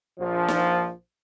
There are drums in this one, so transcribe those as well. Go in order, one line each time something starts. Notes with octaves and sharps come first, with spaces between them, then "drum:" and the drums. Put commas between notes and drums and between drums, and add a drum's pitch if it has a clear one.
A#1 F3
drum: snare